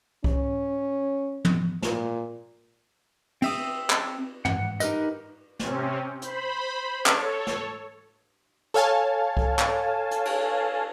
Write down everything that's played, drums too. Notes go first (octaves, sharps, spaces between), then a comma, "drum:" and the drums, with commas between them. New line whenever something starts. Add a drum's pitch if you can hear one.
C#4, drum: kick C2
drum: tom
A#2, drum: snare
C4 E5 D#6, drum: cymbal
drum: clap
F#5, drum: tom
D#4 G4 A#4 B4 D#5, drum: tambourine
C3 C4 C#4, drum: snare
C5 B5, drum: hi-hat
A4 C#5, drum: clap
drum: snare
A4 C#5 F5 G#5 A5
drum: kick C2
drum: clap
drum: hi-hat
drum: cymbal